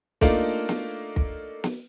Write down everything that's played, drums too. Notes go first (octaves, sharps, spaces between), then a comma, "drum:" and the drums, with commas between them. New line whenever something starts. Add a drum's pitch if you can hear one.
A3 A#3 D4 D#4 F4 A#4, drum: kick
drum: snare
drum: kick
drum: snare